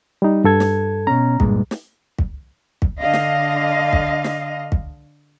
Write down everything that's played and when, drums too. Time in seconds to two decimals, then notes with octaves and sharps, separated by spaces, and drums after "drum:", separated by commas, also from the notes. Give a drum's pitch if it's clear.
0.22 G3 D#4
0.44 G2 A4 G#6
0.60 drum: snare
1.07 B2 C#4 A#5
1.40 G2 A#2 G#3, drum: kick
1.71 drum: snare
2.19 drum: kick
2.82 drum: kick
3.00 D3 D#5 F5
3.13 drum: snare
3.93 drum: kick
4.24 drum: snare
4.72 drum: kick